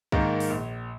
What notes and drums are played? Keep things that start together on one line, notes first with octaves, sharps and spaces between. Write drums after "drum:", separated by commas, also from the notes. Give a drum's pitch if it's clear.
G#2 D#3 A#3, drum: kick C2
drum: open hi-hat
A#1